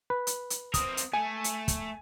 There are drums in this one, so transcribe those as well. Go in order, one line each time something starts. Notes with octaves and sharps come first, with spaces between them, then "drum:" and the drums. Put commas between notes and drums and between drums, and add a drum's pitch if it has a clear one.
B4
drum: hi-hat
drum: hi-hat
C4 A#4 D#6, drum: kick, hi-hat
drum: hi-hat
A3 G#5
drum: hi-hat
drum: kick, hi-hat